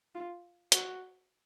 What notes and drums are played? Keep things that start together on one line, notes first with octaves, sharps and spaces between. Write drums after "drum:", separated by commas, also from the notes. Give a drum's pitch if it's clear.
F4
F#4, drum: hi-hat